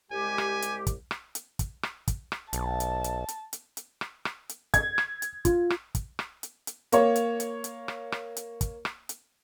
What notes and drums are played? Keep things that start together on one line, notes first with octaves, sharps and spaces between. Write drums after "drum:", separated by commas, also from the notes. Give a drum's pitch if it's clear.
C2 G#3 G4 G#5
drum: rim click
drum: hi-hat
drum: kick, hi-hat
drum: rim click
drum: hi-hat
drum: kick, hi-hat
drum: rim click
drum: kick, hi-hat
drum: rim click
B1 A5, drum: hi-hat
drum: hi-hat
drum: hi-hat
drum: hi-hat
drum: hi-hat
drum: hi-hat
drum: rim click
drum: rim click
drum: hi-hat
G#6, drum: kick, hi-hat
drum: rim click
drum: hi-hat
F4, drum: kick, hi-hat
drum: rim click
drum: kick, hi-hat
drum: rim click
drum: hi-hat
drum: hi-hat
A#3 C#5, drum: hi-hat
drum: hi-hat
drum: hi-hat
drum: hi-hat
drum: rim click
drum: rim click
drum: hi-hat
drum: kick, hi-hat
drum: rim click
drum: hi-hat